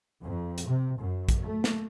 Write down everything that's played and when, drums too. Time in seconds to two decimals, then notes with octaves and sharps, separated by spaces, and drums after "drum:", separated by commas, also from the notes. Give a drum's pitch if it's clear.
0.22 F2
0.58 drum: hi-hat
0.67 C3
0.99 F#2
1.29 drum: kick, hi-hat
1.43 A3
1.64 drum: snare